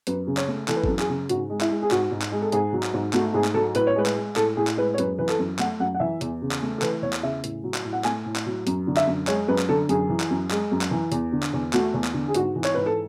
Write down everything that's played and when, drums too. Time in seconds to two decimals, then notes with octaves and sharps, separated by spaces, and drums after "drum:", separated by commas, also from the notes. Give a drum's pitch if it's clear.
0.07 F#2 B4, drum: hi-hat
0.27 C#3
0.37 C#5, drum: clap
0.48 A3
0.68 E3 A4, drum: clap
0.76 B4
0.84 A4, drum: kick G#1
0.88 F#2
0.99 G#4, drum: clap
1.09 C#3
1.29 G#2 F#4, drum: hi-hat
1.50 G#3
1.61 E4, drum: clap
1.70 G#3
1.82 G#4
1.91 G#2 F#4, drum: clap
2.11 G#2
2.22 drum: clap
2.32 G#3
2.42 A4
2.52 G#2 G#4, drum: hi-hat
2.73 F#3
2.83 drum: clap
2.94 G#2
3.13 A3 F#4, drum: clap
3.34 G#2 G#4
3.44 drum: clap
3.54 F#3 A4
3.75 A2 B4, drum: hi-hat
3.87 C#5
3.96 G#3 B4
4.06 drum: clap
4.16 G#3
4.36 A2 A4, drum: clap
4.57 A2 G#4
4.67 drum: clap
4.77 G#3 B4
4.94 C#5
4.98 F#2 B4, drum: hi-hat
5.19 E3 B4
5.29 A4, drum: clap
5.39 F#2
5.59 A3 F#5, drum: clap
5.80 F#2 F#5
5.94 F#5
6.00 E3 E5
6.21 E2, drum: hi-hat
6.42 C#3
6.51 drum: clap
6.62 A3
6.78 A4
6.82 E3 B4, drum: clap
7.02 E2 C#5
7.13 drum: clap
7.23 C#3 E5
7.44 A2, drum: hi-hat
7.64 F#3
7.74 drum: clap
7.85 A2
7.93 F#5
8.04 A3 G#5, drum: clap
8.26 A2
8.36 drum: clap
8.46 F#3
8.67 F#2, drum: hi-hat
8.87 D3
8.97 E5, drum: clap
9.07 F#2
9.27 G#3 C#5, drum: clap
9.48 F#2 B4
9.59 drum: clap
9.69 D3 A4
9.89 F#2 G#4, drum: hi-hat
10.09 E3
10.20 drum: clap
10.31 F#2
10.51 G#3, drum: clap
10.72 F#2
10.81 drum: clap
10.91 E3
11.12 E2, drum: hi-hat
11.33 D3
11.43 drum: clap
11.53 E2
11.73 A3 F#4, drum: clap
11.94 E2
12.04 drum: clap
12.14 D3
12.28 G#4
12.34 G#2 F#4, drum: hi-hat
12.56 E3
12.64 C#5, drum: clap
12.74 G#2 B4
12.86 A4